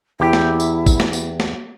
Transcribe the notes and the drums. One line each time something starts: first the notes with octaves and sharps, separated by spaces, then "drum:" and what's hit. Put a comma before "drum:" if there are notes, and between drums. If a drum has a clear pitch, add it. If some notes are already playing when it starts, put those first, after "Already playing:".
E2 E4 G4 G5
drum: snare
drum: tambourine
drum: kick, tambourine
drum: snare
drum: tambourine
drum: snare